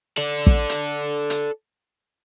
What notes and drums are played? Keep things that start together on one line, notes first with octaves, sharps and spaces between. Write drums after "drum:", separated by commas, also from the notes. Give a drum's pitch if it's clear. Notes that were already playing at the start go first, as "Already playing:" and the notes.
A4 D5
drum: kick
drum: hi-hat
drum: hi-hat